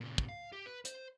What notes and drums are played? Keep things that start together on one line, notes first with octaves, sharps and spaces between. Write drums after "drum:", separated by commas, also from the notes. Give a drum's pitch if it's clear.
A#2 C#3
drum: kick
F5
G4
B4
C5, drum: hi-hat